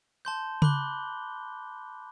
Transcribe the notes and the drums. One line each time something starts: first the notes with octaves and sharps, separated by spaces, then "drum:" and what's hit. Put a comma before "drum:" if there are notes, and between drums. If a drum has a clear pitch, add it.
A5 C6 G6
B5 D6 F#6 G7, drum: tom C#3